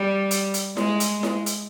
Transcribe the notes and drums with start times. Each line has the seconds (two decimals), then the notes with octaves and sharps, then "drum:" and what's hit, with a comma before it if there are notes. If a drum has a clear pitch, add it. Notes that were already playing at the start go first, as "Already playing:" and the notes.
Already playing: G3
0.31 drum: hi-hat
0.54 drum: hi-hat
0.77 G#3, drum: snare E4
1.00 drum: hi-hat
1.23 drum: snare E4
1.46 drum: hi-hat